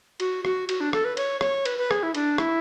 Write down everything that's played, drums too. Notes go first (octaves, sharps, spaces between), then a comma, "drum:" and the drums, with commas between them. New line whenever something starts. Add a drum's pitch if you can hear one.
F#4, drum: cymbal
F#4, drum: rim click
F#4, drum: cymbal
D4
A4, drum: rim click
B4
C#5, drum: cymbal
C#5, drum: rim click
B4, drum: cymbal
B4
G#4, drum: rim click
E4
D4, drum: cymbal
E4, drum: rim click